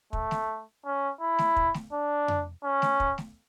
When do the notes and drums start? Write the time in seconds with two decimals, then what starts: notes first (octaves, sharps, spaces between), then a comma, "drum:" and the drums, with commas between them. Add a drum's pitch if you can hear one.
0.13 A3, drum: kick
0.31 drum: snare A3
0.85 C#4
1.21 E4
1.39 drum: snare A3
1.56 drum: kick
1.74 drum: snare A3
1.93 D4
2.28 drum: tom F2
2.64 C#4
2.82 drum: snare A3
3.00 drum: kick
3.18 drum: snare A3